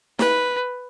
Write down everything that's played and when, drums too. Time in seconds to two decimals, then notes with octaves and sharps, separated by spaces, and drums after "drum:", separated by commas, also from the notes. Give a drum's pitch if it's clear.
0.19 B4, drum: snare